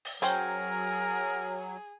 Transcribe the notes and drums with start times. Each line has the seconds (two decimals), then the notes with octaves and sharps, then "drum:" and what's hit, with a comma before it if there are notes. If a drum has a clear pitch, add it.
0.05 drum: open hi-hat
0.22 F#3 C#4 G#4 A#4 C5 G5, drum: hi-hat